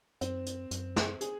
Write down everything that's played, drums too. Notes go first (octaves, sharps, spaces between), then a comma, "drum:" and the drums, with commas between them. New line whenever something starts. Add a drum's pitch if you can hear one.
F#2 C4, drum: hi-hat
drum: hi-hat
F#2, drum: hi-hat
drum: snare
G#4, drum: hi-hat